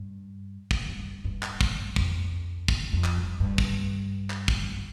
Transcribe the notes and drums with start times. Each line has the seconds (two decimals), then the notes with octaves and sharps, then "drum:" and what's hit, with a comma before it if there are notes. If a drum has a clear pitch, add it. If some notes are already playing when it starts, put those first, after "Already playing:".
Already playing: G2
0.71 drum: kick
0.88 G2
1.24 G2
1.43 drum: clap
1.61 drum: kick
1.96 F2, drum: kick
2.68 drum: kick
2.93 F2
3.04 drum: clap
3.17 G2
3.40 G2
3.58 drum: kick
4.30 drum: clap
4.48 drum: kick